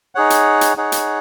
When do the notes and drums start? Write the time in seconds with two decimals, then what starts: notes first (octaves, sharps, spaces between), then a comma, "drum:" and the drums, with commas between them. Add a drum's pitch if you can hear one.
0.15 D#4 G#4 C#5 F#5
0.30 drum: hi-hat
0.61 drum: hi-hat
0.77 D#4 G#4 C#5 F#5
0.92 drum: hi-hat